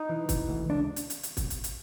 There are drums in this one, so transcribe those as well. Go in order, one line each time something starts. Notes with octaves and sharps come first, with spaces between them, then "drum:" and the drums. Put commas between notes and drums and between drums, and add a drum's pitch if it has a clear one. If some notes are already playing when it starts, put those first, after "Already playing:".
Already playing: D#4
E3
E3, drum: kick, hi-hat
D2
C#2 D4
drum: hi-hat
drum: hi-hat
drum: hi-hat
drum: kick, hi-hat
drum: hi-hat
drum: hi-hat